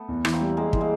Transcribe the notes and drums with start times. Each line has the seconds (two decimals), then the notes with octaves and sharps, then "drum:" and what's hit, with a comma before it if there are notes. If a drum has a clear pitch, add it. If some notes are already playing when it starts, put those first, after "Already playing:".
Already playing: A3 B3
0.08 E2
0.25 E3, drum: rim click
0.32 A#3 C4
0.41 G3
0.57 G3 G#3 A#3
0.73 E3, drum: kick
0.81 G#3 A#3